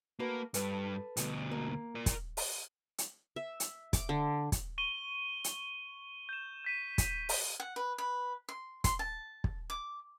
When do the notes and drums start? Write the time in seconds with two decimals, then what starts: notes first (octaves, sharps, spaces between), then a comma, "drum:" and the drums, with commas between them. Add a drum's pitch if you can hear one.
0.19 A3 A#3 F#4 B4
0.54 G2 A4 B4, drum: hi-hat
1.17 D2 B2, drum: hi-hat
1.51 A#3
1.95 A#4 D5
2.06 drum: kick, hi-hat
2.37 drum: open hi-hat
2.98 drum: hi-hat
3.36 E5
3.60 drum: hi-hat
3.93 D6, drum: kick, hi-hat
4.09 D3
4.52 drum: kick, hi-hat
4.78 C#6 D#7 G7
5.44 drum: hi-hat
6.29 G6 E7
6.65 G6 B6 D#7
6.98 drum: kick, hi-hat
7.29 drum: open hi-hat
7.60 F#5
7.76 B4
7.98 B4
8.49 C6
8.84 C6, drum: kick, hi-hat
8.99 A5
9.44 drum: kick
9.70 D6